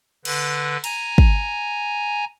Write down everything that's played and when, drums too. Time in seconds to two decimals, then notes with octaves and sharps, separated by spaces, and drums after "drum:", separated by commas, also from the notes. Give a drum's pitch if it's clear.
0.25 D3 B4, drum: cymbal
0.84 G#5 A#5, drum: cymbal
1.18 drum: kick